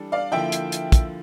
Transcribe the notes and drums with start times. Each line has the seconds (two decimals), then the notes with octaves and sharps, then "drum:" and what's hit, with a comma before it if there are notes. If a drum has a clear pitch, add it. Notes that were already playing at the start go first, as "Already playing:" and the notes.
Already playing: E3 G3 D4 A4
0.12 D5 F5
0.32 D3 F3 A#3 E4 E5 G5
0.52 drum: hi-hat
0.72 drum: hi-hat
0.92 drum: kick, hi-hat